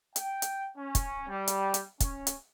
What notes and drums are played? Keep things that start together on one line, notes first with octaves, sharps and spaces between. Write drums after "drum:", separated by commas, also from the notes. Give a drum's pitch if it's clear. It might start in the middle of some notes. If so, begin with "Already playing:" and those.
G5, drum: hi-hat
drum: hi-hat
C#4
drum: kick, hi-hat
G3
drum: hi-hat
drum: hi-hat
C#4, drum: kick, hi-hat
drum: hi-hat